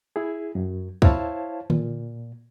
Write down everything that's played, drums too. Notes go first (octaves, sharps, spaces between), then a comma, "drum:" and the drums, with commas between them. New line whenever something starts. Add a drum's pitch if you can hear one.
E4 G#4
F#2
E4 C5 C#5 F5 A5, drum: kick
A#2, drum: tom D3